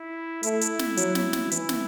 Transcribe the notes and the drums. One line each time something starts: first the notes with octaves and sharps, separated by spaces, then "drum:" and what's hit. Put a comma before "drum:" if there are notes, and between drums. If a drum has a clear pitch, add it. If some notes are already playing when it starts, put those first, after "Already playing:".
Already playing: E4
A3 E4, drum: hi-hat
drum: hi-hat
drum: snare
F#3, drum: hi-hat
drum: snare
drum: snare
E3 E4, drum: hi-hat
drum: snare